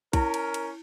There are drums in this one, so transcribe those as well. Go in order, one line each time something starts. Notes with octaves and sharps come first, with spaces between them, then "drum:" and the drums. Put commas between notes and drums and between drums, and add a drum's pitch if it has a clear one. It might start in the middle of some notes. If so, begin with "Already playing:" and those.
C#4 E4 A#4, drum: kick B1, cymbal
drum: cymbal
drum: cymbal